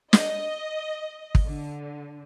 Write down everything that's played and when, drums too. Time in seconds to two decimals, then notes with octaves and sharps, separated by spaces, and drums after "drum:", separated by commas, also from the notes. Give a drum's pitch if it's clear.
0.13 D#5, drum: snare
1.35 drum: kick
1.45 D3